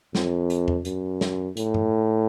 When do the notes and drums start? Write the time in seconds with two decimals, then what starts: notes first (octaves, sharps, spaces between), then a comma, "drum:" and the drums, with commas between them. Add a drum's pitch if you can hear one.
0.15 F2, drum: snare
0.50 drum: hi-hat
0.68 drum: tom E2
0.85 F#2, drum: hi-hat
1.21 drum: snare
1.57 A2, drum: hi-hat
1.74 drum: tom G2